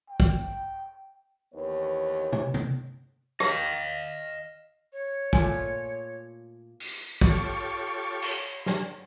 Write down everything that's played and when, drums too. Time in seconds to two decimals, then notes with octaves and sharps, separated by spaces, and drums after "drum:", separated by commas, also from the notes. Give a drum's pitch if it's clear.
0.10 G5
0.20 drum: kick
1.54 D#2 E3 B3 B4 C#5
2.33 drum: tom
2.54 drum: tom C3
3.40 D#5 F5, drum: rim click
4.93 C#5
5.33 A#2 A3 F4 G#5, drum: kick
6.80 drum: open hi-hat
7.21 F4 G4 A4 C#5 C#6 D6, drum: kick
8.22 drum: cymbal
8.66 drum: snare